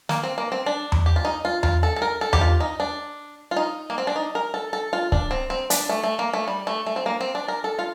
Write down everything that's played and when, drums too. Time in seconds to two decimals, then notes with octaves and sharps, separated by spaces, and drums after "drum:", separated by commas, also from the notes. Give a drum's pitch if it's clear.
0.09 A#3, drum: snare
0.23 C4
0.38 A#3
0.52 C4
0.66 D4
0.92 drum: tom E2
1.06 G4
1.16 F4
1.25 D#4
1.45 F4
1.63 F4, drum: tom E2
1.83 A4
1.96 A4
2.02 A#4
2.21 A4
2.33 G4, drum: tom E2
2.41 F4
2.60 D#4
2.80 D4
3.51 F4
3.56 D#4
3.90 A#3
3.98 C4
4.07 D4
4.16 D#4
4.35 A#4
4.54 A4
4.73 A4
4.93 F4
5.12 D4, drum: kick C#1
5.31 C4
5.50 C4
5.70 D4, drum: hi-hat
5.89 A3
6.03 A3
6.19 A#3
6.33 A3
6.48 G3
6.67 A3
6.86 A3
6.96 C4
7.06 A#3
7.21 C4
7.35 D4
7.48 A#4
7.64 A4
7.79 F4